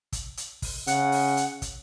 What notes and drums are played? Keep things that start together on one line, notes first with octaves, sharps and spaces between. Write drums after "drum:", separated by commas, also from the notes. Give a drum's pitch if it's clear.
drum: kick, hi-hat
drum: hi-hat
drum: kick, open hi-hat
C#3 F#5, drum: hi-hat
drum: open hi-hat
drum: hi-hat
drum: kick, hi-hat